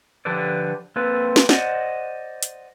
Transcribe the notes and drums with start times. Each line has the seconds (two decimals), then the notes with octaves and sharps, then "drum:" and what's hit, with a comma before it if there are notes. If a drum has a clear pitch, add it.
0.25 D3 F3 G4 A4 B4 D5
0.96 A#3 C4 A4 B4
1.36 drum: snare
1.49 C5 D5 D#5 F#5, drum: snare
2.43 drum: hi-hat